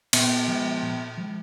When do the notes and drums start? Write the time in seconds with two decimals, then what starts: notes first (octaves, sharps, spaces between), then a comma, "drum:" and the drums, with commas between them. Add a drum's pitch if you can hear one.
0.13 A#2 B3, drum: cymbal
0.48 F3 G#3
0.83 A#2
1.18 F3 G#3